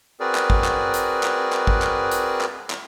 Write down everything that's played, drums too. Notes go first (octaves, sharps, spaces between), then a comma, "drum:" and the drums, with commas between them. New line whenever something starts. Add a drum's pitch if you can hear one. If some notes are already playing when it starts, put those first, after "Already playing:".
C4 F#4 G#4 A#4 B4 D5
drum: clap
drum: kick
drum: clap
drum: hi-hat
drum: clap
drum: clap
drum: kick
drum: clap
drum: hi-hat
drum: clap
drum: clap